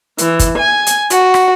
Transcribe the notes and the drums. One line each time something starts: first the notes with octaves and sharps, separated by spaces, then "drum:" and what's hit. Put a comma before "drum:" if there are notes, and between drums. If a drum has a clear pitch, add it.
E3, drum: hi-hat
drum: kick, hi-hat
G#5
drum: hi-hat
F#4, drum: hi-hat
drum: rim click